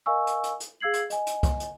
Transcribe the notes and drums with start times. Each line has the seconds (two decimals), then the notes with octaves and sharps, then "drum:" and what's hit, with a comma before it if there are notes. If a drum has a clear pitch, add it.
0.06 A#4 D#5 F5 G#5 C#6 E6
0.27 drum: hi-hat
0.44 drum: hi-hat
0.60 drum: hi-hat
0.80 G#4 F5 E6 G#6 C7 F#7
0.93 drum: hi-hat
1.10 D#5 G#5, drum: hi-hat
1.27 drum: hi-hat
1.43 drum: kick, hi-hat
1.60 drum: hi-hat